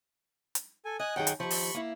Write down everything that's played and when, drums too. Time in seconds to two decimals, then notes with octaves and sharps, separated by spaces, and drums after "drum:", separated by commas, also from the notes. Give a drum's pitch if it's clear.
0.55 drum: hi-hat
0.85 A4 G#5
0.99 D#5 G#5 D#6 F#6
1.16 F#2 D#3 G#4 F#5 G5
1.27 drum: hi-hat
1.40 D#2 F3 B5 C#6
1.51 drum: open hi-hat
1.74 A#3 E4